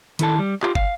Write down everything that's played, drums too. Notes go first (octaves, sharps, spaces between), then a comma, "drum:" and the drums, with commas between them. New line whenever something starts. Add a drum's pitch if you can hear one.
D#3 E4 A4 A5, drum: hi-hat
G3
F4 G4, drum: clap
F5, drum: kick